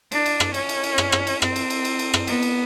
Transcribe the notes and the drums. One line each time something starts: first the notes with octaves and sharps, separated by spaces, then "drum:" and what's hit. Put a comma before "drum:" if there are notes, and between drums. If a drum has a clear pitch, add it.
D4, drum: cymbal
drum: cymbal
drum: rim click
C#4, drum: cymbal
drum: cymbal
drum: cymbal
drum: rim click
drum: rim click
drum: cymbal
C4, drum: rim click
drum: cymbal
drum: cymbal
drum: cymbal
drum: cymbal
drum: rim click
B3, drum: cymbal
drum: cymbal